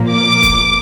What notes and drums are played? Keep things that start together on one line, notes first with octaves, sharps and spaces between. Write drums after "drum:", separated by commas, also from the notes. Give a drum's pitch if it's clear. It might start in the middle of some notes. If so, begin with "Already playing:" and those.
Already playing: A#2 F3 A#3
D6
drum: kick, hi-hat